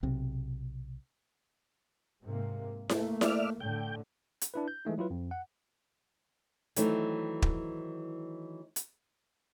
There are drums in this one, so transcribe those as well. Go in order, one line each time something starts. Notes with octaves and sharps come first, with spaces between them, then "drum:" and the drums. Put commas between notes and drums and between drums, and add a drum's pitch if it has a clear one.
B1 C3
G#2 C3 A#3
A3 A#3, drum: snare E4
D5 E5 F6, drum: snare E4
A2 D3 A3 G5
drum: hi-hat
D4 E4 B4
G6
E3 G#3 A3 D#4
F#3 E4 F4 B4
F2
F#5
D#3 E3 F#3 A3 C4 D#4, drum: hi-hat
drum: kick
drum: hi-hat